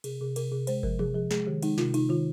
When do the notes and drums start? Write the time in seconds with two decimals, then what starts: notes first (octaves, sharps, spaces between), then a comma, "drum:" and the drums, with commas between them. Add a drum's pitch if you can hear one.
0.04 C3 G#4, drum: cymbal
0.21 C3 G#4
0.36 C3 A#4, drum: cymbal
0.52 C3 G#4
0.67 G#3 C5, drum: cymbal
0.83 F3 A#4, drum: kick G1
0.99 C3 G#4, drum: tom E3
1.15 F3 G#4
1.31 G#3 G#4, drum: snare
1.47 D#3 G4
1.63 G#3 D#4, drum: cymbal
1.78 C3 F4, drum: snare
1.94 C3 D#4, drum: cymbal
2.09 D#3 F4